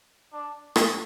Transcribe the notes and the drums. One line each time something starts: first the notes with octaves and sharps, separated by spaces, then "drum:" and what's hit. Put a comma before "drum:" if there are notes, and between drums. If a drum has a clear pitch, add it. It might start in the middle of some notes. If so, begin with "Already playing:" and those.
D4
drum: rim click